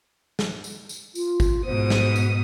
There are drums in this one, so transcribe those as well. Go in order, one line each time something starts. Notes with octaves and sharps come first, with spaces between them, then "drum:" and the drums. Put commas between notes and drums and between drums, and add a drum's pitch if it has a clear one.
drum: snare
drum: tambourine
drum: tambourine
F4, drum: tambourine
drum: kick, tambourine
G#2 B2 C5 D#6
drum: snare
drum: tambourine